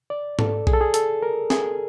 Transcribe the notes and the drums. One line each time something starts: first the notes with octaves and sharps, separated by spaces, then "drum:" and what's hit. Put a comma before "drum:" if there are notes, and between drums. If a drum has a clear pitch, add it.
D5
A4, drum: tom G#2
G#4, drum: kick B1
A4
G#4
A4, drum: hi-hat
A#4
G#4, drum: snare